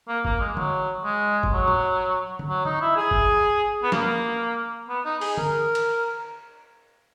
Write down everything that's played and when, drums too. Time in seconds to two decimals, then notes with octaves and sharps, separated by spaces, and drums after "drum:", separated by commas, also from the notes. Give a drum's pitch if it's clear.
0.08 A#3
0.25 A#3, drum: kick
0.40 G#3
0.57 F#3, drum: tom D3
1.04 G#3
1.43 drum: kick
1.52 F#3
1.68 drum: tom A#2
2.39 drum: tom D3
2.49 F#3
2.65 D#4, drum: tom D3
2.81 E4
2.97 G#4
3.11 drum: kick
3.83 B3
3.92 A#3, drum: snare
4.89 B3
5.05 D#4
5.21 G#4, drum: open hi-hat
5.37 A#4, drum: tom D3
5.75 drum: cymbal